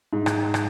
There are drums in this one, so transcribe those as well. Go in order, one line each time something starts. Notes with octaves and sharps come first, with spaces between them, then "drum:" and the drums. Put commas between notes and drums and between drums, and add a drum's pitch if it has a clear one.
G#2
drum: rim click
drum: rim click